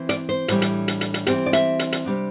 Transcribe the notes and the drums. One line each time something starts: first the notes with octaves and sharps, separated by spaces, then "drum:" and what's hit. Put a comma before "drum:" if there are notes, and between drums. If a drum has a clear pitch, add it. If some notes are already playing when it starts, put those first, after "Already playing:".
Already playing: E3 C4
D5, drum: hi-hat
C5
A2 E3 G3 D4, drum: hi-hat
drum: hi-hat
drum: hi-hat
drum: hi-hat
drum: hi-hat
E3 G3 C4 G4, drum: hi-hat
D5
E5, drum: hi-hat
drum: hi-hat
drum: hi-hat
C3 G3 D4